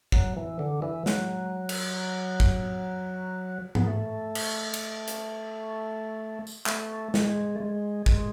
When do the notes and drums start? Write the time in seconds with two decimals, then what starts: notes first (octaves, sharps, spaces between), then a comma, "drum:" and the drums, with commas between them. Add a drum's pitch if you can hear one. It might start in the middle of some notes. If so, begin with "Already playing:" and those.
0.12 F#3, drum: kick
0.36 E3
0.59 D3
0.82 E3
1.06 F#3, drum: snare
1.69 drum: cymbal
2.40 drum: kick
3.75 B3, drum: tom G#2
3.87 A3
4.35 drum: cymbal
4.74 drum: cymbal
5.08 drum: hi-hat
6.47 drum: tambourine
6.66 A3, drum: clap
7.14 G#3, drum: snare
7.55 A3
7.60 G#3
8.06 G#3, drum: kick